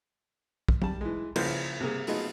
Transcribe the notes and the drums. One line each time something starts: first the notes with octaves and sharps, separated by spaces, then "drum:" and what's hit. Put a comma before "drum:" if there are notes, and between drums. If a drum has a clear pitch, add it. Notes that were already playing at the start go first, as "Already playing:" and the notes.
drum: kick
G3 A5, drum: tom
E3 G#3
C#3 F3 A#3 E4 B4 C5, drum: cymbal
C3 A#3 G#4
F#3 A3 B3 F4 G#4 D#5, drum: open hi-hat